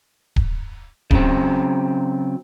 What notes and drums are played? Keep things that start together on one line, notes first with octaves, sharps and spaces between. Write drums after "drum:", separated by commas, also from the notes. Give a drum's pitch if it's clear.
drum: kick D1
C#3 F#3 C4, drum: kick D1